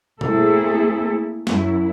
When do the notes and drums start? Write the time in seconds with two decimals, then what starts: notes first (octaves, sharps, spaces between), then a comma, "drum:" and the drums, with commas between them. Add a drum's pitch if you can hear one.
0.21 A3 A#3 C4 E4 G#4 A4, drum: tom B2
1.47 F#2 E4, drum: snare